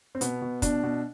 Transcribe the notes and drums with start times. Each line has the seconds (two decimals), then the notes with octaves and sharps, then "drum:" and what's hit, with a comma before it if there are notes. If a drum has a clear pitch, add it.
0.15 C4
0.21 B2 B3, drum: hi-hat
0.42 B2
0.62 B2 D4, drum: kick, hi-hat
0.83 B2